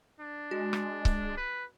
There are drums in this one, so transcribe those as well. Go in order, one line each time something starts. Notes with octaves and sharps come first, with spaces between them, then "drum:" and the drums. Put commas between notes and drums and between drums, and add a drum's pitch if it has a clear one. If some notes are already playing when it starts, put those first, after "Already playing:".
D4
G#3 F#4
drum: rim click
drum: kick C#1
B4